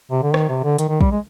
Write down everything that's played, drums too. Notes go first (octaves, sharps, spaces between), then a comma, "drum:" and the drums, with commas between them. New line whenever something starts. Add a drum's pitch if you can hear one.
C3
D3
D#3, drum: rim click
C3
D3
D#3, drum: hi-hat
D#3
G3, drum: kick
G#3